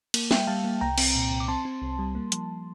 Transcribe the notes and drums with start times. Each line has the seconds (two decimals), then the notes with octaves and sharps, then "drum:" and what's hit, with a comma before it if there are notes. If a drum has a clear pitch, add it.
0.14 A#3, drum: cymbal
0.31 G3 E5 G5, drum: snare
0.47 G3 F5 A5
0.64 A#3
0.81 C2 G5 A#5
0.98 C4, drum: cymbal
1.15 A#2
1.31 C2
1.40 D6
1.48 C4 A5 C6
1.65 C4
1.82 C2
1.99 G3
2.15 A#3
2.32 F3, drum: hi-hat